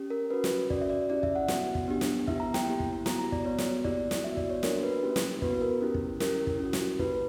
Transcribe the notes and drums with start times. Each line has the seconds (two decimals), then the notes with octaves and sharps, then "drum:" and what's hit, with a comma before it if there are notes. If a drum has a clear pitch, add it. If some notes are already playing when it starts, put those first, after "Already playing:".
Already playing: C#4 G4
0.10 A#4
0.30 C#4 F#4 B4
0.44 drum: snare
0.70 C#4 F#4 D5, drum: kick
0.81 E5
0.90 D5
1.09 C#4 E4 G4 D5
1.23 E5, drum: kick
1.35 F#5
1.48 B3 F#4 F#5, drum: snare
1.75 drum: kick
1.88 B3 D4 G4
2.01 drum: snare
2.28 B3 E4 G4 E5, drum: kick
2.40 A#5
2.54 G5, drum: snare
2.67 A#3 E4 G4
2.80 drum: kick
3.06 B3 F#4 A#5, drum: snare
3.19 A#5
3.32 D5, drum: kick
3.45 B3 F#4 C#5
3.58 drum: snare
3.85 A#3 E4 G4 D5, drum: kick
4.11 drum: snare
4.24 B3 F#4 E5
4.37 D5, drum: kick
4.50 C#5
4.63 A#3 D4 F#4 A#4, drum: snare
4.83 B4
5.03 A#3 C#4 E4 G4
5.16 drum: snare
5.42 B3 F#4 B4, drum: kick
5.62 A#4
5.81 C#4 E4 G4
5.94 drum: kick
6.20 C#4 E4 G4 A#4, drum: snare
6.47 drum: kick
6.60 C#4 F#4
6.73 drum: snare
6.99 A#3 E4 G4 B4, drum: kick